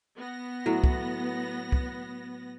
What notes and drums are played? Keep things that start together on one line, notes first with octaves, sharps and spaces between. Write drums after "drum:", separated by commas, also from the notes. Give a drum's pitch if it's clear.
B3 A#6
A2 F#3
drum: kick
drum: kick